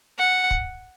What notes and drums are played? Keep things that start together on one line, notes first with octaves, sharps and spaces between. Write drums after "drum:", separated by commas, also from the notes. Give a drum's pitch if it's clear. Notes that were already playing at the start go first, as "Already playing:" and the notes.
F#5
drum: kick